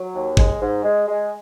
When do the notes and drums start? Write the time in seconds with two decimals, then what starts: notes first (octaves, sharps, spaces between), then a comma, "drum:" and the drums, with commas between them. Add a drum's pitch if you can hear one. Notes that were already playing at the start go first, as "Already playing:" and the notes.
Already playing: F#3
0.14 D#2
0.37 G#3, drum: kick
0.61 G#2
0.84 G#3
1.08 G#3